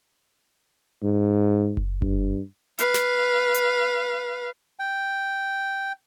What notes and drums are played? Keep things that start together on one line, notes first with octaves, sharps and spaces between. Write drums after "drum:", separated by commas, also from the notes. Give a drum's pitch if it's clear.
G#2
drum: kick F#1
G2, drum: kick F#1
B4 F5, drum: hi-hat
drum: snare
drum: hi-hat
G5